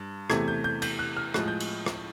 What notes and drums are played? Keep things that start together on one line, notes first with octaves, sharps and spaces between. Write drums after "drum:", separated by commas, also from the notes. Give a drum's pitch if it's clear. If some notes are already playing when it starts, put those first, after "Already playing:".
Already playing: G2
E2 C3 E3 A3 G#6, drum: rim click
G6
G6
G6, drum: cymbal
F#6
F6
A2 F3 G#3 F#6, drum: rim click
G6
drum: cymbal
drum: rim click